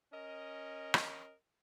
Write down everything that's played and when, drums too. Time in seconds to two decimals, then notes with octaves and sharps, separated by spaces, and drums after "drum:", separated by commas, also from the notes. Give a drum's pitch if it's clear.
0.13 C#4 A#4 D#5
0.94 drum: rim click